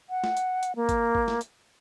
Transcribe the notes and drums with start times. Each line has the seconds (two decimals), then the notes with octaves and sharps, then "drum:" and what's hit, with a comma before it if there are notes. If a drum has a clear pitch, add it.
0.10 F#5
0.24 drum: snare
0.37 drum: hi-hat
0.63 drum: hi-hat
0.76 A#3
0.89 drum: kick G#1, hi-hat
1.15 drum: kick G#1
1.28 drum: snare
1.41 drum: hi-hat